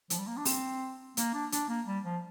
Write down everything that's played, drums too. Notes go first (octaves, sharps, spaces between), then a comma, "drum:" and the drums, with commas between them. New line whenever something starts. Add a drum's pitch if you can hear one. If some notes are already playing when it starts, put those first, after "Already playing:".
F3, drum: hi-hat
G3
A#3
D4
C4, drum: open hi-hat
A#3, drum: hi-hat
D4
D4, drum: hi-hat
A#3
G3
F3